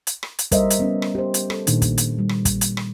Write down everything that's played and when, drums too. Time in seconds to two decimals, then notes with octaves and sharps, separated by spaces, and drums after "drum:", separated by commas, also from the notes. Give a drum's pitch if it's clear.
0.07 drum: hi-hat
0.23 drum: rim click
0.39 drum: hi-hat
0.52 G3 A#4 C5 D#5 E5, drum: kick, hi-hat
0.70 drum: hi-hat
0.79 B3 C#4
1.02 drum: rim click
1.15 G4 C5
1.34 drum: hi-hat
1.50 A4, drum: rim click
1.67 A#2 D#3 A#3 D4, drum: hi-hat
1.82 drum: kick, hi-hat
1.98 drum: hi-hat
2.19 G3
2.29 drum: rim click
2.45 drum: kick, hi-hat
2.61 drum: hi-hat
2.77 drum: rim click